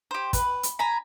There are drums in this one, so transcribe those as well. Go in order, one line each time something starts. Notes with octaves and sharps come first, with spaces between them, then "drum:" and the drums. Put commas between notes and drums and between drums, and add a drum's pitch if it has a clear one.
G4 C5
B4, drum: kick, hi-hat
drum: hi-hat
G#5 A#5 B5